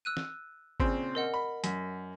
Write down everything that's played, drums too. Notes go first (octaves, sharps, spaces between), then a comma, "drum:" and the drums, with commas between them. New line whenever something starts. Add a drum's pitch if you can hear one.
E6 F#6 D#7
drum: snare
A#2 C#3 C4, drum: kick G#1
A#4 D#5 F#5
B5
F#2, drum: hi-hat